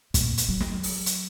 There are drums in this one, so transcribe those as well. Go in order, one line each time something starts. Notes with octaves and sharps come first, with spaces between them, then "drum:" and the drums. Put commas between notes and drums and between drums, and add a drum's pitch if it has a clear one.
A#2, drum: kick, hi-hat
drum: hi-hat
F#3
drum: snare
drum: open hi-hat
drum: hi-hat